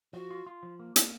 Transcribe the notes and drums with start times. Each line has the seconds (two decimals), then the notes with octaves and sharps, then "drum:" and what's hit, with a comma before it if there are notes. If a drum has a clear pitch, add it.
0.13 F3 F#4
0.31 F4
0.46 F4
0.63 F3
0.79 A#3
0.96 A#3, drum: hi-hat